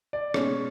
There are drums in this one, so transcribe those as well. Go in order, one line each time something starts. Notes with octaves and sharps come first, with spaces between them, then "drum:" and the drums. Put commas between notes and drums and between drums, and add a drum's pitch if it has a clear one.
D5
B2 G#3 C#4 C#5, drum: rim click